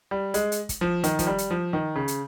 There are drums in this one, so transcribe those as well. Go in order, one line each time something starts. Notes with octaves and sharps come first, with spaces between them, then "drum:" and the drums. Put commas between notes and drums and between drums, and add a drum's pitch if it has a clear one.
G3
G#3, drum: hi-hat
drum: hi-hat
drum: kick, hi-hat
F3
D#3, drum: hi-hat
F3, drum: kick, hi-hat
G3
drum: hi-hat
F3
D#3
C#3
drum: hi-hat